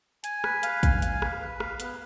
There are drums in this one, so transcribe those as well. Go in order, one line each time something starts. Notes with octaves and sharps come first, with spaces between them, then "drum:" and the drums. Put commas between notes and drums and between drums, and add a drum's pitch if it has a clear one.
G#5, drum: hi-hat
B4, drum: rim click
F5, drum: hi-hat
G#5, drum: kick, hi-hat
F5, drum: hi-hat
B4, drum: rim click
B4
F5, drum: rim click
B3, drum: hi-hat